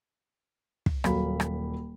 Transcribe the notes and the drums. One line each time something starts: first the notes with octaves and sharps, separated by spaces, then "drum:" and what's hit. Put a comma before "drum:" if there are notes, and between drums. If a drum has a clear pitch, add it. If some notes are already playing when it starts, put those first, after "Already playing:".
drum: kick
D#1 F#3 A#3 B5, drum: rim click
drum: rim click